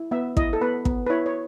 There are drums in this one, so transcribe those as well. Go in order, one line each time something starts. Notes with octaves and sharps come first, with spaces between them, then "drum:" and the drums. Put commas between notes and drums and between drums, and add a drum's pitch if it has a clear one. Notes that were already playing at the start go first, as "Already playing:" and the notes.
Already playing: E4
B3 E5
E4 D#5, drum: kick
A4
B3 B4
B3, drum: kick
B4
E4 C#5
C#5